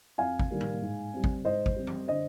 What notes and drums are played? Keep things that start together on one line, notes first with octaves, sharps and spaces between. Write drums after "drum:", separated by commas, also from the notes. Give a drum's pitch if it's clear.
F2 F5 G#5
drum: kick G#1
D#3 G3 A#3
drum: tom A2
G#2
G3 C4
drum: kick G#1
G#2 C5 D#5
drum: kick G#1
G3 C4
drum: tom
D3 C5 D#5